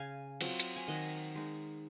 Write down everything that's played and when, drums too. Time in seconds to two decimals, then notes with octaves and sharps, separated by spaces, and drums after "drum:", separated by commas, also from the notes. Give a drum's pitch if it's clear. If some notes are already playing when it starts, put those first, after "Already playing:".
Already playing: C#3 F5 G#5
0.41 F#3 C4 F4, drum: cymbal
0.60 drum: hi-hat
0.76 G#5
0.88 D#3 D#5 F#5
1.35 G#3 D#4